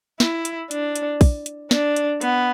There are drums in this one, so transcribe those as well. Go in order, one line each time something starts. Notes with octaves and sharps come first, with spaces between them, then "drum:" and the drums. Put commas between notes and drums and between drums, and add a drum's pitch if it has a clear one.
E4, drum: snare
drum: hi-hat
D4, drum: hi-hat
drum: hi-hat
drum: kick, open hi-hat
drum: hi-hat
D4, drum: snare
drum: hi-hat
B3, drum: hi-hat